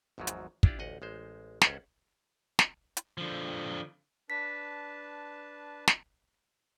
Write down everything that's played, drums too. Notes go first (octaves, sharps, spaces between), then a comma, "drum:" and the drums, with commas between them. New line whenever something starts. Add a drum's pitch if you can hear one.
G#1 E2 G#2 F3 F#3
drum: hi-hat
D4 E4 F4 G4 D5, drum: kick
A1 D2 D#5 F#5
A1 G#3 C5
C#2 C#4 A4 C5 F#5, drum: snare
drum: snare
drum: hi-hat
D3 F3
D4 B4 A5 B6
drum: snare